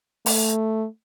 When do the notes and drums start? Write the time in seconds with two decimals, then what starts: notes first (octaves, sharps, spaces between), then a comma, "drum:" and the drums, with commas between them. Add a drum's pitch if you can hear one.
0.26 A3, drum: open hi-hat